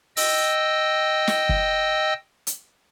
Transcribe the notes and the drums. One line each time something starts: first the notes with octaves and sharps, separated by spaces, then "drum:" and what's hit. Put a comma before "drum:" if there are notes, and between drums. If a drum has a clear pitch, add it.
D#5 G5 E6, drum: open hi-hat
drum: snare
drum: kick
drum: hi-hat